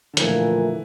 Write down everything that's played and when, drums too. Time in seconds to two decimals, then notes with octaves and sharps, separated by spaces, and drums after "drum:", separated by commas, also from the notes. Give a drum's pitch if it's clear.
0.14 D3
0.17 A#2 E3 F3 A3 E4 A#4, drum: hi-hat